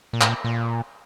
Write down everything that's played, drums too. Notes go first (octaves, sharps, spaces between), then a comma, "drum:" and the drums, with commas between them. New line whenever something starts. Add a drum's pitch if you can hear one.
A#2
A2, drum: clap
A#2
A#2